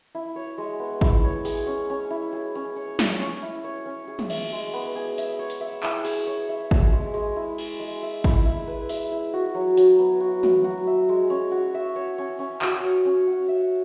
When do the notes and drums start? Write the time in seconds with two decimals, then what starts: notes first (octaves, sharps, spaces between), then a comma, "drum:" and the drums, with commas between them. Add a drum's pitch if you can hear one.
0.15 E4
0.36 C#5
0.58 G#3
0.79 B3
1.01 E4, drum: kick G#1
1.24 C#5
1.45 G#4, drum: open hi-hat
1.67 C#4
1.90 C#4
2.11 E4
2.33 G#4
2.55 C#4
2.76 C#5
2.99 C#4, drum: snare
3.20 C#4
3.42 E4
3.64 C#5
3.86 C#4
4.07 G#4
4.19 drum: tom
4.30 E5, drum: cymbal
4.52 G#3
4.73 B3
4.95 G#4
5.18 E5, drum: hi-hat
5.39 C#5
5.50 drum: hi-hat
5.61 E5
5.83 E4, drum: clap
6.04 G#4, drum: cymbal
6.27 C#5
6.49 E5
6.71 G#4, drum: kick G#1
6.93 G#3
7.14 G#3
7.36 E4
7.58 G#4, drum: cymbal
7.80 G#3
8.03 E5
8.24 E4, drum: kick G#1
8.45 E4
8.67 B4
8.89 E5, drum: open hi-hat
9.12 E4
9.33 F#4
9.55 F#3
9.77 F#3, drum: hi-hat
9.99 B3
10.20 F#4
10.43 F#3, drum: tom
10.64 F#4
10.87 E5
11.09 G#3
11.30 C#4
11.51 F#4
11.74 E5
11.96 C#5
12.18 C#4
12.39 C#4
12.62 F#4, drum: clap
12.84 C#5
13.05 C#4
13.27 F#4
13.48 E5